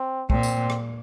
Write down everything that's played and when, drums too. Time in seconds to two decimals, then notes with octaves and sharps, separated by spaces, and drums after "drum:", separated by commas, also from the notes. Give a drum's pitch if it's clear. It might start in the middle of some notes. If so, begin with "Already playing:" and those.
Already playing: C4
0.30 A#2 C4, drum: kick
0.43 drum: tambourine
0.70 drum: rim click